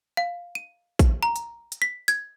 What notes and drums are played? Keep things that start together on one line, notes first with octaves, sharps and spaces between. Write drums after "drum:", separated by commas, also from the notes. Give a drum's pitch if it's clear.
F5
D#7
drum: kick, hi-hat
A#5
drum: hi-hat
drum: hi-hat
B6
G#6, drum: hi-hat